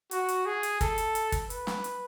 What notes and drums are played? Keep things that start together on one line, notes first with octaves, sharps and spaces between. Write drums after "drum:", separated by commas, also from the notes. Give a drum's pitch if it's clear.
F#4, drum: hi-hat
drum: hi-hat
G#4
drum: hi-hat
A4, drum: kick, hi-hat
drum: hi-hat
drum: hi-hat
drum: kick, hi-hat
B4, drum: hi-hat
drum: snare
drum: hi-hat